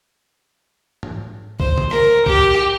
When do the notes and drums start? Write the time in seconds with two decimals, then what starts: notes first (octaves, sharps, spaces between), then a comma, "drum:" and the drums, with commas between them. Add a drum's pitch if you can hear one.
1.03 drum: tom G#2
1.60 C5, drum: kick C2
1.78 drum: tom C#3
1.91 A#4, drum: rim click
2.26 G4, drum: kick C2